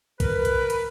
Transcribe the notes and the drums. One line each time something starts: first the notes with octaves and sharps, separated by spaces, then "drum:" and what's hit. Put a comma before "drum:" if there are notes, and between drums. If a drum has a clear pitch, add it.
A#4 B4, drum: kick B1, hi-hat
drum: hi-hat
drum: hi-hat